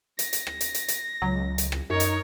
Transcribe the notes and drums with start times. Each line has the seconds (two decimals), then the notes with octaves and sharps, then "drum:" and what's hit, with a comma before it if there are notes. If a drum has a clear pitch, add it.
0.19 A#6, drum: hi-hat
0.33 drum: hi-hat
0.47 drum: rim click
0.61 drum: hi-hat
0.74 drum: hi-hat
0.88 drum: hi-hat
1.22 C#2 F#3
1.58 drum: hi-hat
1.72 drum: rim click
1.90 F#2 D#4 A#4 C#5
2.00 drum: hi-hat